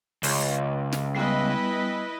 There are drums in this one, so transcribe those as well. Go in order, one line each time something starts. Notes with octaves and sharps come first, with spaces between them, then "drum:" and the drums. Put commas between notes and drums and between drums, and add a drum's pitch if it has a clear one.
C#2, drum: open hi-hat
drum: snare
G3 B3 E4 B4 D#5 G#5